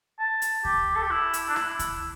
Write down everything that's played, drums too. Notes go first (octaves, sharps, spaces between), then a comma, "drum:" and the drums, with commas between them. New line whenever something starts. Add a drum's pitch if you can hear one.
A5
drum: hi-hat
G4, drum: kick D2
A4
G4
E4
drum: hi-hat
D4
E4, drum: rim click
drum: kick D2, hi-hat